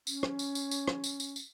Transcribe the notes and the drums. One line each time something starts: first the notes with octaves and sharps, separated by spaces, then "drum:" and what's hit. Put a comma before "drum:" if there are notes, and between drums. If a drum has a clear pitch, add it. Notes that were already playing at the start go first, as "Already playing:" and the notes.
C#4, drum: tambourine
drum: rim click
drum: tambourine
drum: tambourine
drum: tambourine
drum: rim click
drum: tambourine
drum: tambourine
drum: tambourine